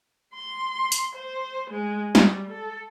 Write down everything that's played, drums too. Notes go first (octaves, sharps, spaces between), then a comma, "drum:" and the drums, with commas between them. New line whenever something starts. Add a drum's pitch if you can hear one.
C6
drum: hi-hat
C5
G#3
G3, drum: snare
A4